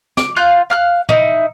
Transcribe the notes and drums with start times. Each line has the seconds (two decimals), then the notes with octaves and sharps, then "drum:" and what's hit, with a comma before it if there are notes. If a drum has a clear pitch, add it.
0.17 D6, drum: snare
0.36 F4 F5 F#6 G6
0.70 F5 F6 F#6
1.09 D#4 E4, drum: tom